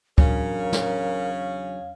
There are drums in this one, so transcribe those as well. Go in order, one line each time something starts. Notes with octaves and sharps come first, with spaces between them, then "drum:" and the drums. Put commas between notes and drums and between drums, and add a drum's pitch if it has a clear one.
E2 C#3 F#3 C#4 D4 A#4 F5, drum: kick
drum: snare